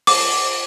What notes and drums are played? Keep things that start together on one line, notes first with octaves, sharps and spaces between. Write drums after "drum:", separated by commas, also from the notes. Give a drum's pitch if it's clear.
D6, drum: open hi-hat